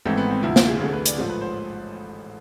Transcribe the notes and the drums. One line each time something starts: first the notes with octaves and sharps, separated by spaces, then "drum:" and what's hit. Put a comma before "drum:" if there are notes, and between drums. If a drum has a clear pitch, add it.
G#1 G#2 E3 A3 C4
B3
C4
D2 C3 F3 E4
F4, drum: snare
G#4
F4
D2 D3 A3 G#4
B4
D5, drum: hi-hat
A1 G#2 F3 A3 C5
B4
C5